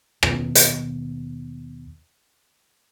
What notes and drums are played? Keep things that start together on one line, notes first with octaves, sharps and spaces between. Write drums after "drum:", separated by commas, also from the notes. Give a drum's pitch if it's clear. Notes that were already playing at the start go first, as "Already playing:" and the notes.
D#2 B2 D#3 B3, drum: rim click
drum: hi-hat